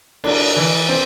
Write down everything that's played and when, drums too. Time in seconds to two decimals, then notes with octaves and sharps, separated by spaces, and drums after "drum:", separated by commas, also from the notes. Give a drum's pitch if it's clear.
0.24 D4, drum: cymbal
0.56 E3
0.89 C4